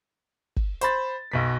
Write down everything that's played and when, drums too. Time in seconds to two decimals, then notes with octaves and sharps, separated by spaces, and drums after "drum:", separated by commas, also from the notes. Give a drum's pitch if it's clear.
0.56 drum: kick
0.81 C5 B5 A6, drum: hi-hat
1.32 B1 B2 B6